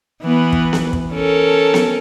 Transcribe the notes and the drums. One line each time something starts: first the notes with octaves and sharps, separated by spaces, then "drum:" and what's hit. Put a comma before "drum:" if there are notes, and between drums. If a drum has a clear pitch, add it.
E3 B3
drum: kick
drum: snare B3
drum: kick
C#4 A4 A#4
drum: snare B3